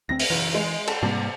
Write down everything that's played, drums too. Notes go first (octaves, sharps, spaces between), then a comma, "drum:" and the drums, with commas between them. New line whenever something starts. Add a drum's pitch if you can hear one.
D2 B3 C4 A#6
drum: open hi-hat
F#1 B1 E3
G#3
A4, drum: cymbal
G#2 C3 G3 A#3